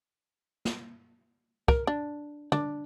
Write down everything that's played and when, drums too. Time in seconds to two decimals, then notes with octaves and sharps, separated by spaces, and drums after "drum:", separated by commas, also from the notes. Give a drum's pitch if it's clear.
0.65 drum: snare
1.68 A#4, drum: kick
1.87 D4
2.52 D4, drum: tom